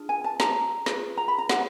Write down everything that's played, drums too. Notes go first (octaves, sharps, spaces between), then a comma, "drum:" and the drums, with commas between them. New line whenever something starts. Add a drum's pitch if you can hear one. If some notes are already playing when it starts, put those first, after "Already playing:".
Already playing: D4 F4 G#4
G#5
A5
A#5, drum: snare
F4 G#4 B4, drum: snare
A#5
B5
A#5
F#5, drum: snare